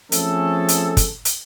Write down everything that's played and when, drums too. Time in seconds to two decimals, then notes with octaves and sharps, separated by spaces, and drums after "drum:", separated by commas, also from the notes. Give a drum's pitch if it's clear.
0.12 F3 A3 C4 C#4 G#4 A4, drum: hi-hat
0.68 drum: hi-hat
0.97 drum: kick, hi-hat
1.25 drum: hi-hat